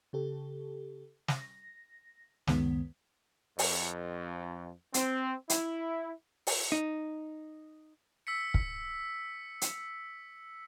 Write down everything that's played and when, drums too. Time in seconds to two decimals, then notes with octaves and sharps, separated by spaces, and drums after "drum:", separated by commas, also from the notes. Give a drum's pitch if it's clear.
0.13 C#3 G4 A4
1.28 A#6, drum: snare
2.47 C#2 F#2 D#3 G#3 B3, drum: snare
3.59 F2, drum: open hi-hat
4.94 C4, drum: hi-hat
5.50 E4, drum: hi-hat
6.47 drum: open hi-hat
6.72 D#4
8.27 E6 B6 C#7
8.54 drum: kick
9.61 drum: hi-hat